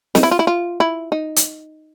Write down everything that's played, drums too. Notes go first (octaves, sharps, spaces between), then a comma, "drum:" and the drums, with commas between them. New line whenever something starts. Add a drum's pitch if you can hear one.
D#4, drum: snare
E4
F4
E4
F4
E4
D#4
drum: hi-hat